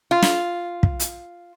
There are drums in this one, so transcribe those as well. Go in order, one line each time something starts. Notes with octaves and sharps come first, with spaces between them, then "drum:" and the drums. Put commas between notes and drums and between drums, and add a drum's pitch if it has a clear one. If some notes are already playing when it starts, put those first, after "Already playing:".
F4
drum: snare
drum: kick
drum: hi-hat